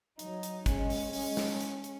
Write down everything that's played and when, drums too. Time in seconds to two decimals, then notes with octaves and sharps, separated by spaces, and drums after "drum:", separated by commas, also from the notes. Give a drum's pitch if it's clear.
0.19 F#3 D#4, drum: hi-hat
0.43 drum: hi-hat
0.66 G#3 C#4, drum: kick, hi-hat
0.90 drum: open hi-hat
1.13 G#3 C#4, drum: open hi-hat
1.37 drum: snare
1.61 drum: hi-hat
1.84 drum: hi-hat